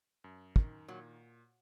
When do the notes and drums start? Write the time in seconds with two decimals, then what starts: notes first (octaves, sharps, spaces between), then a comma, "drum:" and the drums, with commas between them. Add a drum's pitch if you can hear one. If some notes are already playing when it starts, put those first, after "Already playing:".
0.24 F#2
0.56 D#3, drum: kick
0.88 A#2 F#3